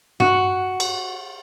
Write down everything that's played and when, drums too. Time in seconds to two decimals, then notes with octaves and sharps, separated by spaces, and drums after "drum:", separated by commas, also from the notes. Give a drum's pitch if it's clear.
0.20 F#4, drum: tom G2
0.80 drum: cymbal